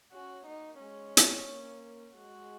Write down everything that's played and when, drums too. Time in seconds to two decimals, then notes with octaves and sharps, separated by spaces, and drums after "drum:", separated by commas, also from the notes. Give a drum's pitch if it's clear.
0.12 C#4 F#4
0.46 A#3 D#4
0.80 G#3 C#4
1.17 drum: hi-hat
1.48 A#3
2.15 G#3 F#4